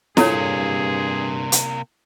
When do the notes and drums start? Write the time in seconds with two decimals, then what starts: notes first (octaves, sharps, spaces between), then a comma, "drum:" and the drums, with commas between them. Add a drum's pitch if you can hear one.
0.17 G2 C3 A#3 E4 G#4 A4 C#5, drum: snare
1.52 drum: hi-hat